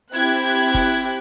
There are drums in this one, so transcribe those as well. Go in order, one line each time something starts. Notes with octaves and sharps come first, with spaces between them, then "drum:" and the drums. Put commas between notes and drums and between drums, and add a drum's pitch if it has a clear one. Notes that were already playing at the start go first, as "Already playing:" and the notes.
C4 E4 G4 F#6 G#6, drum: hi-hat
F#6 G#6
drum: kick, open hi-hat